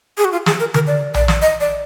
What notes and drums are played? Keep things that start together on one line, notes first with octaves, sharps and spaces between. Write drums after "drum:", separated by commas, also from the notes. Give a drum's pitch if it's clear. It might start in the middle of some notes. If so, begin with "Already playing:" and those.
G#4
F#4
F4
G#4, drum: snare
A#4
A#4, drum: tom D3
D5
D5, drum: tom A#1
drum: snare
D#5
D5